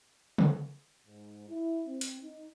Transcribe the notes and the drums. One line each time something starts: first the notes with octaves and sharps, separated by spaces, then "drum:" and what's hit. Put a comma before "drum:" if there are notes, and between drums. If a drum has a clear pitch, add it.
drum: tom C#3
G#2
E4
C4
drum: hi-hat
D#4